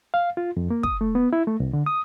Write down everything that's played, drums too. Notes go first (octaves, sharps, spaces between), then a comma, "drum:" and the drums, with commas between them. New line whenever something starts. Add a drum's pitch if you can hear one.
F5
F4
F2
A#3
D#6, drum: kick
A3
B3
E4
A3
C2
D3
D#6